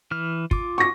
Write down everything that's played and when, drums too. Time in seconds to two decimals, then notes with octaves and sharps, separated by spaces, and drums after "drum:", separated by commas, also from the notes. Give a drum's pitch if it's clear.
0.11 E3 F6
0.51 F4 D6, drum: kick
0.78 C#6 A#6